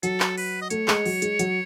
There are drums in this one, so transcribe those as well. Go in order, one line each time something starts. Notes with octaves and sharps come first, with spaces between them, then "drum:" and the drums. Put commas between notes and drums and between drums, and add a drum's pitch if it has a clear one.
F#3 A4, drum: hi-hat
drum: clap
B4, drum: open hi-hat
D#5
A3 C#5, drum: hi-hat
G#3, drum: clap
F#3, drum: open hi-hat
G#3, drum: hi-hat
F#3, drum: hi-hat